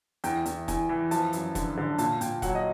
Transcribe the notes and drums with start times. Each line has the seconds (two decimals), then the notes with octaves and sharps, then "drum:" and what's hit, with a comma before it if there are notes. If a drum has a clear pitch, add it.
0.24 E2 G5, drum: hi-hat
0.46 E2, drum: hi-hat
0.68 E2 G#5, drum: kick E1, hi-hat
0.89 E3
1.11 F3 A5, drum: hi-hat
1.33 F#2, drum: hi-hat
1.55 D3, drum: kick E1, hi-hat
1.77 D3
1.98 A#2 A5, drum: hi-hat
2.21 A#2 G5, drum: hi-hat
2.42 F#3 F#5, drum: kick E1, hi-hat
2.55 D#5